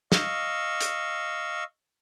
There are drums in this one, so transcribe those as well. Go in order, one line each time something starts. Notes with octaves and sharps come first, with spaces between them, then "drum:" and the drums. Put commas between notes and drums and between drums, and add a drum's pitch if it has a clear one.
D#5 F5 C#6 E6, drum: snare
drum: hi-hat